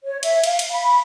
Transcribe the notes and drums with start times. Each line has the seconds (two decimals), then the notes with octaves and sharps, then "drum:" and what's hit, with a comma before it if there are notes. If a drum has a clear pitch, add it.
0.05 C#5
0.23 E5, drum: cymbal
0.44 F5, drum: cymbal
0.59 drum: cymbal
0.72 B5